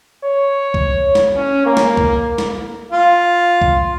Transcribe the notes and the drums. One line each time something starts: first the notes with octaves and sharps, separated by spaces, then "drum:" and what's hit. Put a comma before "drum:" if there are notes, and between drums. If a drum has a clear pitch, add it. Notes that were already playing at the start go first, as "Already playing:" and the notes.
C#5
drum: kick
drum: snare
C#4
A#3
drum: snare
drum: kick
drum: snare
F4
drum: kick